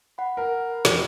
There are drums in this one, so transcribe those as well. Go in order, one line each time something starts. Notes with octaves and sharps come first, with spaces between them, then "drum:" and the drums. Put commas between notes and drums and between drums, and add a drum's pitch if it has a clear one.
F#5 B5
A#4
F1 A#5, drum: snare